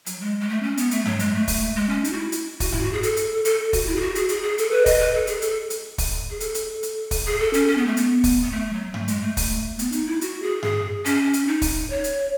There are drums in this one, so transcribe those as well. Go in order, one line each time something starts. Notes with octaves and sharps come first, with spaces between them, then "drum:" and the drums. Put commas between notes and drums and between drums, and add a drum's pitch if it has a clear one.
F#3, drum: hi-hat
G#3
G#3
A3
C#4
B3, drum: hi-hat
A3, drum: hi-hat
F#3, drum: tom G2
G#3, drum: hi-hat
A3
drum: kick, open hi-hat
G#3
C#4
D#4, drum: hi-hat
F#4
E4
drum: hi-hat
F#4, drum: kick, open hi-hat
E4, drum: tom G2
F#4
G#4
A4, drum: hi-hat
drum: hi-hat
A4, drum: hi-hat
F#4, drum: kick, open hi-hat
E4
G#4
F#4
G#4, drum: hi-hat
G#4, drum: hi-hat
G#4
A4, drum: hi-hat
B4
D#5, drum: kick, open hi-hat
B4
A4
G#4, drum: hi-hat
A4, drum: hi-hat
drum: hi-hat
drum: kick, open hi-hat
G#4
A4, drum: hi-hat
drum: hi-hat
drum: hi-hat
drum: kick, open hi-hat
G#4
A4
C#4, drum: hi-hat
C#4
B3
A3
B3, drum: hi-hat
drum: kick, open hi-hat
B3
A3
F#3
A3, drum: tom G2
G#3, drum: hi-hat
A3
A3, drum: kick, open hi-hat
B3, drum: hi-hat
D#4, drum: hi-hat
E4
F#4, drum: hi-hat
G#4
G#4, drum: tom G2
C#4, drum: hi-hat
drum: hi-hat
D#4
drum: kick, open hi-hat
C#5
drum: hi-hat